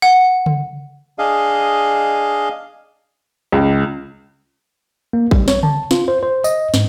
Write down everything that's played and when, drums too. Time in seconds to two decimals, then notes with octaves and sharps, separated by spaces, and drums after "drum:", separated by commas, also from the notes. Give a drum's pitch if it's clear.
0.02 F#5
0.46 drum: tom C#3
1.19 D4 G#4 D#5 F5
3.52 C#2
5.13 A#3
5.31 G3, drum: kick A1
5.48 C#5, drum: snare
5.63 A5, drum: tom C#3
5.91 F4, drum: snare
6.08 C5
6.23 C5
6.44 D#5, drum: tambourine
6.74 G#2, drum: snare